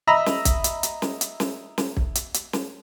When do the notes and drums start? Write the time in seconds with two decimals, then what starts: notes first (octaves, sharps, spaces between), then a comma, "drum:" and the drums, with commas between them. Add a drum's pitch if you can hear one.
0.07 D#5 E5 A#5 B5 E6
0.26 drum: snare
0.45 drum: kick, hi-hat
0.64 drum: hi-hat
0.83 drum: hi-hat
1.02 drum: snare
1.21 drum: hi-hat
1.40 drum: snare
1.78 drum: snare
1.97 drum: kick
2.15 drum: hi-hat
2.34 drum: hi-hat
2.53 drum: snare